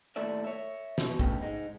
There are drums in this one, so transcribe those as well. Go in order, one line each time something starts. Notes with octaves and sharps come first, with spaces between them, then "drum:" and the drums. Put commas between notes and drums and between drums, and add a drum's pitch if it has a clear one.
D#2 A2 A4 D5 E5
C#5 E5
B2, drum: snare
G2 C#3 A3 B3 C#4 G5, drum: kick
G#3 D#4